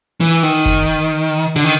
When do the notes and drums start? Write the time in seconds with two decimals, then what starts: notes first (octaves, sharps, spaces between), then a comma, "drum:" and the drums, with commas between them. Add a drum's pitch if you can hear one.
0.21 E3
0.43 D#3
0.66 drum: kick F#1
1.56 D3, drum: snare
1.64 D#3